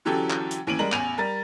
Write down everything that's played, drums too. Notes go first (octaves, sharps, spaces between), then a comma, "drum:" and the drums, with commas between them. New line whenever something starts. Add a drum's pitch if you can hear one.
D3 E3 F#3 C#4 G4 A4
drum: clap
drum: hi-hat
D#2 E3 C#4 D7 D#7 F#7
G3 G#3 A#4 F#7
A1 E2 G#5 D#7 F7, drum: clap
G3 A#4 A6